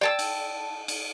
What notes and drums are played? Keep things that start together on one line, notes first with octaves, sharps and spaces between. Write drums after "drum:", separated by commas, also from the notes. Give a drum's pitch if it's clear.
D5 G5 A5 E6
drum: cymbal
drum: cymbal